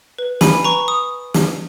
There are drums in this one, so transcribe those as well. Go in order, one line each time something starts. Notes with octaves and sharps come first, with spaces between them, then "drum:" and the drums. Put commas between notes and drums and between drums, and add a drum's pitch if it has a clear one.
B4
G#5 B5, drum: snare
B4 A#5 C#6
D#6
drum: snare